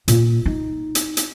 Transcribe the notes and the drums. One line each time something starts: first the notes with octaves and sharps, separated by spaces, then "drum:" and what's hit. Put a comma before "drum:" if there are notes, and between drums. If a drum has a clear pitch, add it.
A#2, drum: hi-hat
D#4
drum: hi-hat
drum: hi-hat